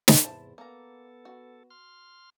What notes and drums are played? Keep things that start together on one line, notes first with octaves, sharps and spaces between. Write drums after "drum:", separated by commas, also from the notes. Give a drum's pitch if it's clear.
drum: snare
E2 G#2 C3 E4 C5 A5
A#3 B3 A4 A#5
F#4
C6 F6